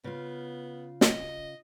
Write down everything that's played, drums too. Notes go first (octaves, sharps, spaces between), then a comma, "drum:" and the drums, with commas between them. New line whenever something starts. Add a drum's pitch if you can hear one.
C#3 B3 F4
D#5, drum: snare